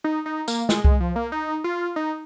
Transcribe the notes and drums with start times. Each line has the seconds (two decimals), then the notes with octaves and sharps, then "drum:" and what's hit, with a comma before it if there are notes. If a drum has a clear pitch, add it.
0.04 D#4
0.26 D#4
0.48 A#3, drum: tambourine
0.69 G#3, drum: snare
0.84 G#3, drum: kick C2
1.00 F3
1.16 A#3
1.32 D#4
1.64 F4
1.96 D#4